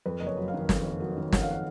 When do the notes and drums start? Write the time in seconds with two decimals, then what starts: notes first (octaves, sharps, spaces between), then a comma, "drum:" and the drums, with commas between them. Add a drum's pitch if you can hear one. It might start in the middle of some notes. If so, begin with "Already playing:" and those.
0.06 F2 B4
0.20 F#1 D#5
0.27 C#5
0.37 F#3
0.48 F5
0.54 D#3
0.69 F2, drum: snare
0.85 F#1
1.00 F#3
1.17 D#3
1.32 F2 F#5, drum: snare
1.42 F5
1.51 F#5